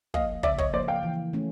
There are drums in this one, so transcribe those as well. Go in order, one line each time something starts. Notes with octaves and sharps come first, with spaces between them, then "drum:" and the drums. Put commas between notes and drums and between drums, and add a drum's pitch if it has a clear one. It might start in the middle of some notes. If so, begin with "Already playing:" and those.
F3 A#3 D#5 F5, drum: kick
C#3 D5 E5, drum: kick
C#5 D#5, drum: kick
F3 A#3 C5 D5
F5 G5
E3
A3 C#4